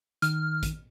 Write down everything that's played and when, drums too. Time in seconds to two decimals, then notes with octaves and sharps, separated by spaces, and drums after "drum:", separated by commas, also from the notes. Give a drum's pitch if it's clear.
0.22 D#3 F6, drum: hi-hat
0.63 drum: kick, hi-hat